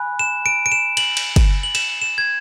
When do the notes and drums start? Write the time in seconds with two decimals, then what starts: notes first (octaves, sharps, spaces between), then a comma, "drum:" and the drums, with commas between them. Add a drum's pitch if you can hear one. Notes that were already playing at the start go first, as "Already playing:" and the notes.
Already playing: G#5 B5 F#6
0.19 E7
0.46 D7
0.66 D7
0.72 E7
0.97 F#7, drum: cymbal
1.17 drum: cymbal
1.36 drum: kick, cymbal
1.63 F#7
1.75 E7, drum: cymbal
2.02 E7
2.18 G#6